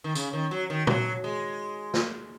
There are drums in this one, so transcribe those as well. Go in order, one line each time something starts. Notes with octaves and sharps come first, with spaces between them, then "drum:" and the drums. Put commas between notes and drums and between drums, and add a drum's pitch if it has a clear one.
D#3
C#3, drum: tambourine
D#3
F#3
D#3
F#3, drum: tom A#2
G#3
drum: snare